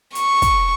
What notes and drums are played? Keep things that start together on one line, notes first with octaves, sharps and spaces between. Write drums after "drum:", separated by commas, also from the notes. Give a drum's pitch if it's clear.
C#6, drum: hi-hat
drum: kick, hi-hat